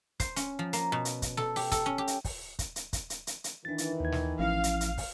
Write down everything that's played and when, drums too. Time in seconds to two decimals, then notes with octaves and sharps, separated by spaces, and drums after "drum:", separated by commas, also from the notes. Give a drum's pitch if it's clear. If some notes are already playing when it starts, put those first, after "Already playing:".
0.20 C5, drum: kick, hi-hat
0.36 C#4, drum: hi-hat
0.59 F3
0.73 A#3, drum: hi-hat
0.92 B2
1.05 drum: hi-hat
1.22 drum: kick, hi-hat
1.37 A4, drum: snare
1.56 G4, drum: open hi-hat
1.72 A4, drum: kick, hi-hat
1.86 C#4
1.98 G4
2.07 drum: hi-hat
2.25 drum: kick, open hi-hat
2.59 drum: kick, hi-hat
2.76 drum: hi-hat
2.93 drum: kick, hi-hat
3.10 drum: hi-hat
3.27 drum: hi-hat
3.44 drum: hi-hat
3.65 D#3 E3 D4 A6
3.78 drum: hi-hat
4.00 D#2 G#6
4.12 drum: snare
4.39 A1 F3 C#4 E4 F5
4.64 drum: hi-hat
4.81 drum: hi-hat
4.98 drum: kick, open hi-hat